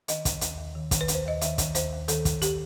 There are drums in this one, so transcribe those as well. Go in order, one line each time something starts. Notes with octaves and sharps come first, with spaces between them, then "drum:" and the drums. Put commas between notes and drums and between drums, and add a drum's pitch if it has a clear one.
D#3 D#5, drum: hi-hat
D#3, drum: kick, hi-hat
D#2, drum: hi-hat
D#2
D#3
D#3, drum: kick, hi-hat
B4
D#2, drum: hi-hat
C5
D#2 D#5
D#3 E5, drum: hi-hat
D#3, drum: kick, hi-hat
D#2 C5, drum: hi-hat
D#2
D#3 A4, drum: hi-hat
D#3, drum: kick, hi-hat
G4, drum: hi-hat